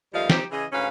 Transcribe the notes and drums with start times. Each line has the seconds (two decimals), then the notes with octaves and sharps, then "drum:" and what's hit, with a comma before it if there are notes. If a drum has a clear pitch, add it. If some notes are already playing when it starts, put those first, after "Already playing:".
0.13 D#2 F3 G3 A3 D#5 F5
0.30 D#4 G4 C5, drum: snare
0.51 C#3 E3 G#4 D#5
0.72 D2 G#2 C#4 B4 F5